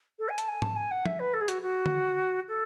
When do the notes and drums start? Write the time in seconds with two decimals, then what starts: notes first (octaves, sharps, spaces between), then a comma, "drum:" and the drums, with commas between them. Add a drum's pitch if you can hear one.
0.19 A4
0.29 G#5
0.38 A5, drum: hi-hat
0.48 G#5
0.62 A5, drum: tom G#2
0.76 G#5
0.91 F#5
1.06 E5, drum: tom F3
1.19 B4
1.34 A4
1.41 G#4
1.48 F#4, drum: hi-hat
1.62 F#4
1.86 drum: tom D3
2.48 A4